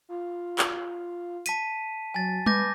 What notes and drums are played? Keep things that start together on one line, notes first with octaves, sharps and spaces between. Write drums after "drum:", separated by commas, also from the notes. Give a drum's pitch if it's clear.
F4
drum: clap
A5 B6 D#7, drum: hi-hat
F#3 G#5 A6
B4 D6 G6 A#6, drum: tom G3